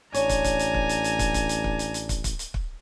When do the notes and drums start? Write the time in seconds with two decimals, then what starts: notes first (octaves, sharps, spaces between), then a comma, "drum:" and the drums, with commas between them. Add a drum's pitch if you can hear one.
0.14 A1 D4 C#5 G#5 A#5, drum: hi-hat
0.29 drum: kick, hi-hat
0.44 drum: kick, hi-hat
0.59 drum: hi-hat
0.74 drum: kick
0.89 drum: hi-hat
1.04 drum: hi-hat
1.19 drum: kick, hi-hat
1.34 drum: kick, hi-hat
1.49 drum: hi-hat
1.64 drum: kick
1.79 drum: hi-hat
1.94 drum: hi-hat
2.09 drum: kick, hi-hat
2.24 drum: kick, hi-hat
2.39 drum: hi-hat
2.54 drum: kick